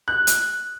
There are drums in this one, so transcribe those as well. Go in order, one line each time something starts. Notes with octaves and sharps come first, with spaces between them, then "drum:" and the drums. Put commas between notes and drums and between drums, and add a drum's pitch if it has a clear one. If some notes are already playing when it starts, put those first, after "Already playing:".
F#6
drum: hi-hat